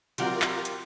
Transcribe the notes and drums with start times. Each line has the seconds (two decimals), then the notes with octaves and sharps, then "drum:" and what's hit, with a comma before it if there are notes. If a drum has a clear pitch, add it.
0.18 C3 F#3 C4 F4 G4 A#4 D5 F#5, drum: hi-hat
0.42 drum: clap
0.65 drum: hi-hat